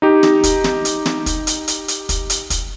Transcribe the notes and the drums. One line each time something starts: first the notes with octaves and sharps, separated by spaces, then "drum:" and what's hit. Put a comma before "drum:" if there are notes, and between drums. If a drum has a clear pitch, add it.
D#4 G4
drum: snare
drum: kick, hi-hat
drum: snare
drum: hi-hat
drum: snare
drum: kick, hi-hat
drum: hi-hat
drum: hi-hat
drum: hi-hat
drum: kick, hi-hat
drum: hi-hat
drum: kick, hi-hat